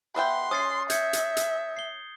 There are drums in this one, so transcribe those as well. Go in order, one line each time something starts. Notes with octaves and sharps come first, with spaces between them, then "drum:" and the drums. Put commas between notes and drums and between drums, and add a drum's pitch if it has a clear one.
B3 E5 G5 C6 F#6
C#4 D#6 A6 C7
E5 G6 G#6 C#7, drum: hi-hat
drum: hi-hat
drum: hi-hat
C7 G7